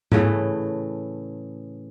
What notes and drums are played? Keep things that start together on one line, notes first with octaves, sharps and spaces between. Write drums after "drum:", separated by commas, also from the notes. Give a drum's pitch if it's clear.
A2 C#3 E3 A3, drum: tom G#2